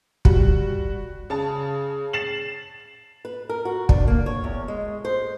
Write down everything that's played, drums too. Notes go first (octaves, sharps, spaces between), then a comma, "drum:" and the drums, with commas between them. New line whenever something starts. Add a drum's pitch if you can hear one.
G3 F#4, drum: kick
C#3 A5
A6 C7 E7 F#7
B4
A#4
F#4
D4, drum: kick
A#3
C#5
E2
G#3
C5